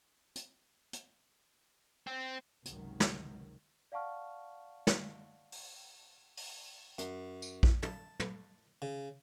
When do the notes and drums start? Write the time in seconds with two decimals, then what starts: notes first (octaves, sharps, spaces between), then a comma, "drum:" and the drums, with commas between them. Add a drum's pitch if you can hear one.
0.35 drum: hi-hat
0.93 drum: hi-hat
2.07 C4
2.65 G#1 C#2 C3 D#3 F#3, drum: hi-hat
3.00 drum: snare
3.92 D5 F5 F#5 A5 C#6 F6
4.87 drum: snare
5.52 drum: open hi-hat
6.37 drum: open hi-hat
6.99 F#2, drum: hi-hat
7.42 drum: tambourine
7.63 drum: kick A#1
7.83 A5, drum: tom
8.20 drum: tom
8.82 C#3